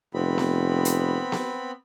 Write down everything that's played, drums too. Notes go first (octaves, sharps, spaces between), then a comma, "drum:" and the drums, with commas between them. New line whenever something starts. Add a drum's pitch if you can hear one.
F1 B3 C4 B5
drum: snare B3
drum: hi-hat
drum: snare B3